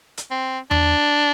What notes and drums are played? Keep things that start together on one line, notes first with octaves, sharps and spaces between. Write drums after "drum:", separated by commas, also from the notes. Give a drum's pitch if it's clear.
drum: hi-hat
C4
D4, drum: tom E2